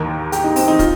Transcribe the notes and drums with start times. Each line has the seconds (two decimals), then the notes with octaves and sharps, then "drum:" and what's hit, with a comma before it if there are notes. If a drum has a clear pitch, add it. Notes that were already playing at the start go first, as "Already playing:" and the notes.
Already playing: D#2 D#3 A#3 A#4
0.32 G4, drum: hi-hat
0.44 D#4
0.56 C4, drum: open hi-hat
0.68 D#4
0.79 F4, drum: kick, hi-hat